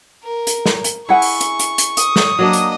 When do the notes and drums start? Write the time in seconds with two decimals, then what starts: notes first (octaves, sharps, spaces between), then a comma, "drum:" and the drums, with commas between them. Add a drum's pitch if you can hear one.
0.24 A#4
0.47 drum: hi-hat
0.66 drum: snare
0.84 drum: hi-hat
1.09 E4 G#4 F#5 G#5 C#6
1.22 drum: open hi-hat
1.41 drum: hi-hat
1.59 drum: hi-hat
1.78 drum: hi-hat
1.97 D#6, drum: hi-hat
2.16 drum: snare
2.39 F#3 A#3 D4 D#5
2.53 drum: hi-hat